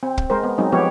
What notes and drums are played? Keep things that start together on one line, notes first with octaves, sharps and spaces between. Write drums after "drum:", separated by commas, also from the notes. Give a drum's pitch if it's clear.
C4
drum: kick
G#3 A#4 C5
B3
F#3 G#3 C4 D#4
F3 B3 G4 C#5